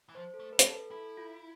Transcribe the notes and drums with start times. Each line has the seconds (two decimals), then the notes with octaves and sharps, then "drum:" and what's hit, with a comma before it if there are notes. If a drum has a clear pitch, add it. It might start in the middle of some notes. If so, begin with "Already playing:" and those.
0.09 E3
0.15 F3 C5
0.34 A4
0.40 A3
0.53 B4
0.59 E4, drum: hi-hat
0.66 D4
0.73 A4
0.91 E4 A4
1.17 F4